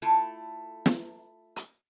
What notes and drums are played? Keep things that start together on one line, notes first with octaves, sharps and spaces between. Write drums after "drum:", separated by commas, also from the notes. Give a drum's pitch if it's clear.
A3 E4 F4 A5
drum: snare
drum: hi-hat